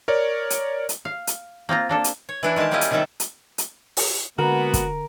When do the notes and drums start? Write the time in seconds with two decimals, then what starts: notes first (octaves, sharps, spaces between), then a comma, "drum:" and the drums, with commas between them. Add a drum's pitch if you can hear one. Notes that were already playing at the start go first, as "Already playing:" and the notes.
0.08 A#4 C#5 D5
0.50 drum: hi-hat
0.89 drum: hi-hat
1.05 F5
1.27 drum: hi-hat
1.69 A#3 C4 F4 A#5
1.89 A#3 D4 A4
2.04 drum: hi-hat
2.29 C#5
2.43 E3 D4 E4
2.56 D#3 G#3 G4 A#4 A5
2.71 G3 A#3 C#4 E4 F4 D#5
2.81 drum: hi-hat
2.91 C3 D#3 F#3 G3 A4 E5
3.20 drum: hi-hat
3.58 drum: hi-hat
3.97 drum: open hi-hat
4.38 D3 G#3 A#3 B3 F#4 A#4
4.74 drum: kick, hi-hat